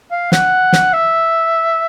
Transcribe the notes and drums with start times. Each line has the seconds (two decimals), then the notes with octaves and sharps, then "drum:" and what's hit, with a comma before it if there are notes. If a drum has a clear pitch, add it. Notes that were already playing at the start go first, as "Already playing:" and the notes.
0.11 F5
0.32 F#5, drum: snare
0.73 drum: snare
0.93 E5